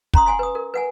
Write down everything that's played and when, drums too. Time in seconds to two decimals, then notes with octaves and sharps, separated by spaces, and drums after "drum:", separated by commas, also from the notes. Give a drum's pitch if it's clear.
0.14 C#4 A#5 C6 D#6, drum: kick
0.26 F#5 G#5 C6
0.39 B4 D#6
0.55 A#4
0.74 B4 F#5 G#5